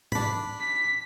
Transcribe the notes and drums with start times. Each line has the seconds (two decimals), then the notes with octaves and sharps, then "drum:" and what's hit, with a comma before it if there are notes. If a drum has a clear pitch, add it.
0.12 D4 B5, drum: tom G#2
0.60 B6